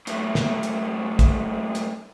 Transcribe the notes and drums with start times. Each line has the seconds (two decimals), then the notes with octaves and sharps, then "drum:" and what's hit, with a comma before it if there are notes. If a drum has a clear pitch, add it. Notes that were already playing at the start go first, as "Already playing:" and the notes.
0.07 F#2 A2, drum: hi-hat
0.35 drum: snare
0.63 drum: hi-hat
1.19 drum: kick, hi-hat
1.75 drum: hi-hat